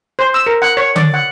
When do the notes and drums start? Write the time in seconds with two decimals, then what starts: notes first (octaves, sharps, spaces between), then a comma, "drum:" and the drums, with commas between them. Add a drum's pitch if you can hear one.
0.19 C5
0.34 E6
0.47 A#4
0.62 F#5
0.77 C#5
0.96 D5, drum: tom D3
1.14 F#5